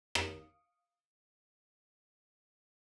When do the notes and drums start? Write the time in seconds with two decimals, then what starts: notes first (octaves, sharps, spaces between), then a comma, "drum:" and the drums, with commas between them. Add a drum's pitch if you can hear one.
0.15 F5 D#6 C#7 D7, drum: rim click